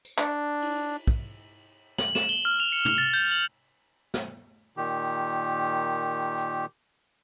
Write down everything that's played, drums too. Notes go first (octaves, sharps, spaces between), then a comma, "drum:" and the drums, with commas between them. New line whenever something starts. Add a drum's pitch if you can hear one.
drum: tambourine
D4, drum: clap
drum: cymbal
drum: kick
F#7, drum: snare
E7, drum: snare
G7
F6
F7
C#7
F7, drum: tom
A6
G6
F#7
drum: snare
A#2 D#3 G4
drum: hi-hat